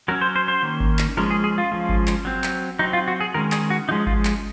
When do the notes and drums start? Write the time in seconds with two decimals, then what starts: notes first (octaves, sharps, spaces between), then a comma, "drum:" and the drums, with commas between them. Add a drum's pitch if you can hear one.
0.08 F#3 C#4 A#4
0.21 C5
0.36 C5
0.48 C5
0.62 D#3 A#3 C#4
0.81 drum: kick G#1
0.99 drum: clap
1.17 F3 G#3 C#4 A#4
1.31 G#4
1.44 G#4
1.58 F4
1.72 F3 G#3 C#4
1.89 drum: kick G#1
2.07 drum: clap
2.25 F#3 C4
2.44 drum: clap
2.79 F#3 C4 D#4
2.93 F4
3.08 F#4
3.21 G#4
3.34 D#3 G#3 C#4 A#4
3.52 G#4, drum: clap
3.70 F#4
3.89 F3 G#3 C#4 D#4
4.07 F4, drum: kick G#1
4.25 drum: clap